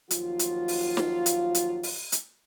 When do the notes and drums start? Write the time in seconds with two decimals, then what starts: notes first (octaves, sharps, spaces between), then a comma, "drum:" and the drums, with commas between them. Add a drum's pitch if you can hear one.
0.11 D#2 F3 F#3 F4, drum: hi-hat
0.39 drum: hi-hat
0.68 drum: open hi-hat
0.97 drum: snare
1.26 drum: hi-hat
1.55 drum: hi-hat
1.83 drum: open hi-hat
2.12 drum: hi-hat